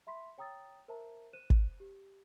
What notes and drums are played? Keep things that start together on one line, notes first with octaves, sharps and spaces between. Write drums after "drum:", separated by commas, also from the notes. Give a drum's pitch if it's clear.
E5 B5 C6 B6
C#5 G5 A#5 D#6 E6 A6
A#4 C5 E5 A5 A#5
C5 F#6 D#7 E7
drum: kick
G4